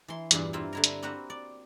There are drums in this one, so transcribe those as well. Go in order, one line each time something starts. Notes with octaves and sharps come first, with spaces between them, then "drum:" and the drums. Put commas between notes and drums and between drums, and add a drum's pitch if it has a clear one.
E3 C6
E2 G2 A#2, drum: hi-hat
A#3 C4 E4 F4 E5
D3 E4 A#4
drum: hi-hat
A#3 C4 F#4 B4 E5 F#5
D5